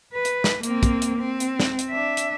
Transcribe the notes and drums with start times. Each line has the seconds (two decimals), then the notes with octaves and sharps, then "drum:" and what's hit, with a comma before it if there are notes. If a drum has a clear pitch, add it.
0.14 B4
0.25 drum: hi-hat
0.44 drum: snare
0.63 A#3 C4, drum: hi-hat
0.83 drum: kick, hi-hat
1.02 drum: hi-hat
1.18 C4
1.40 drum: hi-hat
1.60 drum: snare
1.79 drum: hi-hat
1.90 D4 E5
2.17 drum: hi-hat